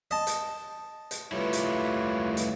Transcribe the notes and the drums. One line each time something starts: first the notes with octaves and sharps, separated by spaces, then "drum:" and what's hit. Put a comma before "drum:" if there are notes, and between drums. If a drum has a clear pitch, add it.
D#5 A5
drum: hi-hat
drum: hi-hat
G3 A3 E4 F4 B4 C#5
drum: hi-hat
drum: hi-hat